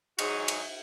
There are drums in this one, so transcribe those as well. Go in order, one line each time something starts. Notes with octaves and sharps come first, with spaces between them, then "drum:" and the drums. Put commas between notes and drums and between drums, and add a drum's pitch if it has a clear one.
G#2 F#3 D#4 F#4 G#4, drum: cymbal
drum: cymbal